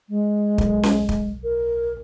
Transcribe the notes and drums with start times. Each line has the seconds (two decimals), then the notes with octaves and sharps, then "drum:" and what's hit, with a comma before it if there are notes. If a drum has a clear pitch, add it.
0.09 G#3
0.58 B1, drum: kick
0.83 drum: snare C#4
1.09 drum: kick
1.44 A#4